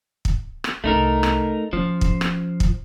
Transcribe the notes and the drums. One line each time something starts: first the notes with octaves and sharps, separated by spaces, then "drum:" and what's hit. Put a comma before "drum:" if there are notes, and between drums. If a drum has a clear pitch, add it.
drum: kick
drum: rim click
C2 A3 D#4 A#4
drum: rim click
F3 C#4
drum: kick
drum: rim click
drum: kick